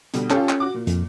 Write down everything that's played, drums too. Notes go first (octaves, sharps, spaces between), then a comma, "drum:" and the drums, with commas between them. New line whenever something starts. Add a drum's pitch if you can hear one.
B2 D3 G3, drum: hi-hat
C#4 F4 G4 A4, drum: clap
drum: clap
F#4 D6
A#2
F2, drum: hi-hat